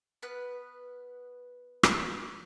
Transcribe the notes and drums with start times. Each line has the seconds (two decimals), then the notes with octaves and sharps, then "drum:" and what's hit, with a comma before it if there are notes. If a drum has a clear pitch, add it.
0.22 B3 B4 F6 F#6
1.83 drum: rim click